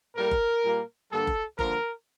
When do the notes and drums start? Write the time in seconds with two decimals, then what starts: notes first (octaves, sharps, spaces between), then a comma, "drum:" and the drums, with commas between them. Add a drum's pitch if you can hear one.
0.16 A2 G3 A#3 A#4
0.31 drum: kick F#1
0.64 A#2 G3 A#3
1.11 G2 D3 G3 A#3 A4
1.27 drum: kick F#1
1.59 G2 D3 F3 A#3 A#4, drum: kick F#1